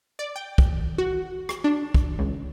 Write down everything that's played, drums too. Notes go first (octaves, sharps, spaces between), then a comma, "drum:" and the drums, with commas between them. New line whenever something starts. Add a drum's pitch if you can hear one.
D5
G5
drum: kick
F#4
drum: rim click
D4
drum: kick
C#2